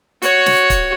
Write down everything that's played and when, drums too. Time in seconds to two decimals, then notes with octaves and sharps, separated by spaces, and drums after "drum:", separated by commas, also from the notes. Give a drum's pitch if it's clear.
0.22 F#4 C#5, drum: hi-hat
0.46 drum: snare
0.70 drum: kick, hi-hat